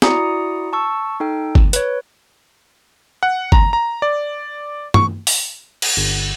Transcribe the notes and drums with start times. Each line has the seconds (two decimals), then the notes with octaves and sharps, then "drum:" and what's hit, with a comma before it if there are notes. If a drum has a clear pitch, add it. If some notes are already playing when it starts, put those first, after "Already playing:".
0.02 E4 F#4 D5 A#5 D#6 C#7, drum: snare
0.73 A5 C#6 E6
1.20 D#4 A4 G5
1.55 drum: kick G1
1.73 B4 C#5, drum: hi-hat
3.23 F#5
3.52 A#5, drum: kick G1
3.73 A#5
4.02 D5
4.94 C#6, drum: tom
5.27 drum: open hi-hat
5.82 drum: cymbal
5.97 G1